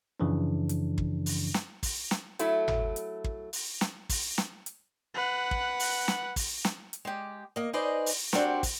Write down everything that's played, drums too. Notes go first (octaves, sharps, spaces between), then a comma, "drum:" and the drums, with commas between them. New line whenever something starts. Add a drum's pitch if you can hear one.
F#2 C#3 E3 F3 D4
drum: hi-hat
drum: kick
drum: open hi-hat
drum: snare
drum: kick, open hi-hat
drum: snare
F#3 A3 E4, drum: hi-hat
drum: tom G#1
drum: hi-hat
drum: kick
drum: open hi-hat
drum: snare
drum: kick, open hi-hat
drum: snare
drum: hi-hat
B4 F#5
drum: kick
drum: open hi-hat
drum: snare
drum: kick, open hi-hat
drum: snare
drum: hi-hat
G#3 G4
A#3 D#5
D#4 G#4 B4 C5 D5 D#5
drum: open hi-hat
C4 D4 F#4 G4 A#4 C5, drum: snare
drum: kick, open hi-hat